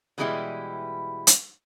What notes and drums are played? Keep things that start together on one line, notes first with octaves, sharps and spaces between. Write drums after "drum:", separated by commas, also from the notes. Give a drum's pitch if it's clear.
B2 E3 G3 G#3 E4 G4
drum: hi-hat